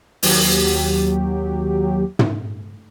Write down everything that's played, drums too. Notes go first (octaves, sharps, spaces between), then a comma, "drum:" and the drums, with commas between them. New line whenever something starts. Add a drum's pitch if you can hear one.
D#2 F#3 G4, drum: open hi-hat
drum: tom